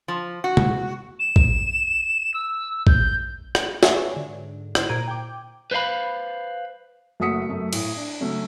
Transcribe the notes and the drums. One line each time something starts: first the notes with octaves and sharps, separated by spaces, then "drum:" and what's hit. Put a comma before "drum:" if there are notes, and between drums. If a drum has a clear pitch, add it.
F3
F#4
drum: tom C3
E7
drum: kick
E6
G6, drum: kick
drum: rim click
B4 C#5 D5 E5 G#5, drum: snare
G#2 D3
E4 C5, drum: rim click
A#2 A#5 G#6 D7 D#7
G5 D6
B4 C5 D5 F5 B5
F#1 A3 F#4 D#6 B6 C#7
F#2 A3
A2, drum: cymbal
D4
C#3 F#3 A3 C#4